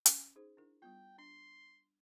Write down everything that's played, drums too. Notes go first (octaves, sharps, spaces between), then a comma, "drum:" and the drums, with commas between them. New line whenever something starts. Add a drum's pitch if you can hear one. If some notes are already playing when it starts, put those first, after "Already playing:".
C#4, drum: hi-hat
D#4 G#4 C5
D4 E4 A#4
G3 B3 F4 G5
D4 C6